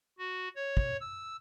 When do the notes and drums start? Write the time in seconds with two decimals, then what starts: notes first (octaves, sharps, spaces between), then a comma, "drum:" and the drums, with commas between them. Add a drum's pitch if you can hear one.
0.19 F#4
0.56 C#5
0.77 drum: kick
1.01 E6